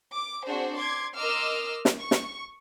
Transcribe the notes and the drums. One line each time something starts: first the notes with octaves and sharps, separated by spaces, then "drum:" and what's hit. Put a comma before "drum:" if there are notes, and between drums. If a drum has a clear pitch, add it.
D6
C4 D4 F#4 G#4 C5
C6 D6 G#6
A#4 D#5 C6 D6 E6 F6
drum: snare
C#6
drum: snare